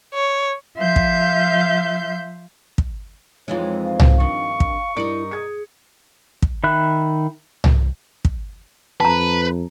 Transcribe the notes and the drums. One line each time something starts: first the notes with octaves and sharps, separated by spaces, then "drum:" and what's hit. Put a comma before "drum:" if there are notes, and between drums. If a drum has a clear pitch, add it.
C#5
F3 E5 F5 C6 G6
drum: kick
drum: kick
F2 E3 F3 G#3 D#4 F4 C#5
F5
drum: tom C2
G2 D#3 C#6
drum: kick
G2 D#4 E4 A#4 D5 C#7
G#4 D#6 G#6 C#7
drum: kick
D#3 E5 B5 F#6
drum: tom C2
drum: kick
F2 B4 A5 A#5